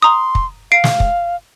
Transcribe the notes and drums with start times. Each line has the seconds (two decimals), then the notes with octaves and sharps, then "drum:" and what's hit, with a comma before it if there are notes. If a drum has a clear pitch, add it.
0.02 A#5 C6 D#6
0.35 drum: kick
0.72 F5 C7 D7
0.84 drum: snare
1.00 drum: kick